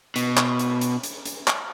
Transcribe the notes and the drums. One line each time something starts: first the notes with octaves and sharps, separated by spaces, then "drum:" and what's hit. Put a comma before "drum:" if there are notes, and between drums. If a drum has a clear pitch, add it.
B2, drum: hi-hat
drum: clap
drum: hi-hat
drum: hi-hat
drum: hi-hat
drum: hi-hat
drum: clap